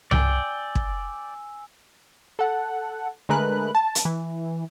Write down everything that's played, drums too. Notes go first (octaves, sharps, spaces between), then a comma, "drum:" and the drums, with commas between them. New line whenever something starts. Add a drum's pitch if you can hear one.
D5 G5 G#5 E6, drum: tom C2
drum: kick
A4 F#5
D3 G#3 A3 A#4 B4 F#6
A5
drum: hi-hat
E3